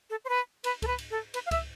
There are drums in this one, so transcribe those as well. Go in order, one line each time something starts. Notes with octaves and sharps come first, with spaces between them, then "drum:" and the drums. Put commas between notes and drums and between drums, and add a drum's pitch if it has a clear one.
A4
C5
B4
B4, drum: cymbal
A4, drum: kick C#2, cymbal
B4
drum: cymbal
A4
B4, drum: cymbal
F5
E5, drum: kick C#2, cymbal